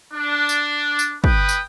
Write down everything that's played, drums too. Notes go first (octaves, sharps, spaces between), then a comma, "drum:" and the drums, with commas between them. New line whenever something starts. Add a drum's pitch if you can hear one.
D4
drum: tambourine
drum: tambourine
B4 G5 D#6, drum: kick
drum: tambourine